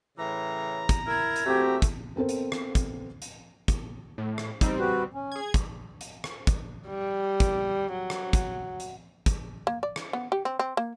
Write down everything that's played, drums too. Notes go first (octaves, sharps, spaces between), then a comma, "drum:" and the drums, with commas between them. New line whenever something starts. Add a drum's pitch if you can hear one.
A2 C#3 E3 A#5
drum: kick, hi-hat
E4 A#4 G#6
drum: hi-hat
E2 A3 C4 F#4 G4
drum: kick, hi-hat
B3 C4 A4 A#4 C5
drum: hi-hat
drum: rim click
drum: kick, hi-hat
drum: hi-hat
drum: kick, hi-hat
A2
drum: rim click
G3 C4 D#4, drum: kick, hi-hat
F#4 B4
C#4
G#4 G#6
drum: kick, hi-hat
drum: hi-hat
drum: rim click
drum: kick, hi-hat
G3
drum: kick, hi-hat
F#3
drum: rim click
drum: kick, hi-hat
drum: hi-hat
drum: kick, hi-hat
A#3
D5
drum: rim click
B3
G4
C4
C4
A#3